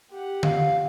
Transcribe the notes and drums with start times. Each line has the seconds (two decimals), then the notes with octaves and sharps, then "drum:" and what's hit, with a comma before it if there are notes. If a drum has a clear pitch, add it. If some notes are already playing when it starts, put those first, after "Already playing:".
0.11 G4 F#5
0.43 F5, drum: tom D3